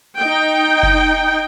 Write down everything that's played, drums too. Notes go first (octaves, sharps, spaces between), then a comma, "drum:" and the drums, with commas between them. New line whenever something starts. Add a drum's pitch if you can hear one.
D#4 G5
drum: kick F#1